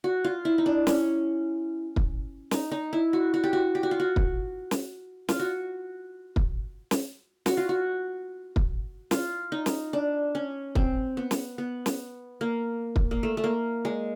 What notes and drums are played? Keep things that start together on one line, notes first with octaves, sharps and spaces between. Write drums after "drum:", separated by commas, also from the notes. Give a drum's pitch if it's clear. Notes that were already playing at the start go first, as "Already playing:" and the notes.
F#4
F4
E4
D#4
D4
C#4, drum: snare
drum: kick
D#4, drum: snare
D#4
E4
F#4
F#4
G4
F#4
G4
F#4
F4
F#4
drum: kick
drum: snare
F4, drum: snare
F#4
drum: kick
drum: snare
F#4, drum: snare
F4
F#4
drum: kick
F4, drum: snare
D#4
drum: snare
D4
C#4
C4, drum: kick
B3
drum: snare
B3
drum: snare
A#3
drum: kick
A#3
A3
A3
A#3
G#3